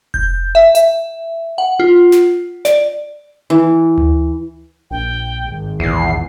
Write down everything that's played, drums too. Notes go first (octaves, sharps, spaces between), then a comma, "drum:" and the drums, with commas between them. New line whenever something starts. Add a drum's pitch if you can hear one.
G6, drum: kick F1
E5
E5, drum: hi-hat
F#5
F4
drum: snare
D5, drum: snare
E3
drum: tom D2
A#1 G5
G#1
A#1 E2 C7